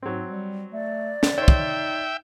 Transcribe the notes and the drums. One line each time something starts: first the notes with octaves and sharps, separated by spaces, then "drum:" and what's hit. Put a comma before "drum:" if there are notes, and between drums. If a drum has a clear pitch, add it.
G#2 F#3 C4
G3
A3 D5
drum: snare
D#4 C5 C#5 E5 G5
drum: kick